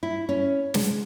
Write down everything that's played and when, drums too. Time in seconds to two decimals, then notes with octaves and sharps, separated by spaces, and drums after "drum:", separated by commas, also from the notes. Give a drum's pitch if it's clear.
0.03 E4
0.29 C#4
0.74 G#3, drum: snare